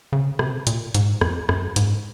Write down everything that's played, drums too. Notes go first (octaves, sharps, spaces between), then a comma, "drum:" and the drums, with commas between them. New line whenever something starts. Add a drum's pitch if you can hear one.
C#3
C3, drum: rim click
A#2, drum: hi-hat
G#2, drum: hi-hat
F2, drum: rim click
F#2, drum: rim click
G#2, drum: hi-hat